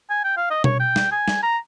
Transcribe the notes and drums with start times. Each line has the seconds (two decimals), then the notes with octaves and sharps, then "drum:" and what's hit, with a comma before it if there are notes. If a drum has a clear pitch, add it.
0.10 G#5
0.24 G5
0.37 F5
0.50 D#5
0.64 C#5, drum: tom B2
0.80 G5
0.96 drum: snare
1.12 G#5
1.28 drum: snare
1.43 A#5